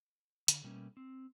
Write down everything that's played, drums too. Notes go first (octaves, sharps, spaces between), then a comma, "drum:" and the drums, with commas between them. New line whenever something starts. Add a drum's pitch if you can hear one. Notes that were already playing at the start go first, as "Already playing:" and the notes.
D3, drum: hi-hat
B2 G3 A3 A#3 C#4
C4